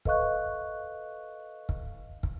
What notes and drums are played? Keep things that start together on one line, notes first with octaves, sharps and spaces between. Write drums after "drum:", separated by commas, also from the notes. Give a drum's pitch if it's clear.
A4 B4 D#5 F5 C#6 F#6, drum: kick
drum: kick
drum: kick